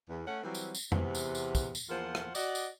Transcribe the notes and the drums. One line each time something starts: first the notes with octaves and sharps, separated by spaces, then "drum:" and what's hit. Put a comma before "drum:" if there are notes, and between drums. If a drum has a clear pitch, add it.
E2
A3 C#4 F#5
E3 F#3 G3 C4
drum: tambourine
drum: tambourine
E2 C3 B3, drum: tom F2
drum: tambourine
drum: tambourine
drum: kick, tambourine
drum: tambourine
E2 F3 A#3 F4 C5 F#5
drum: rim click
F#4 D5 D#5, drum: tambourine
drum: tambourine